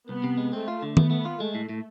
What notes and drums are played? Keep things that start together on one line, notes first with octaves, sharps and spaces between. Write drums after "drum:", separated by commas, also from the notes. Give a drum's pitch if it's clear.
C2 B3
C3
G#3
A3 C4
F4
D3
A3 B3, drum: tom D#3
A3
F4
G#3 A3
A2
A2